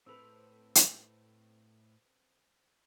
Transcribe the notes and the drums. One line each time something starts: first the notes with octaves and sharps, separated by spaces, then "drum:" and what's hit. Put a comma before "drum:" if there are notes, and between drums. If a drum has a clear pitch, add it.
A2 C4 A4 B4 E6 F7
drum: hi-hat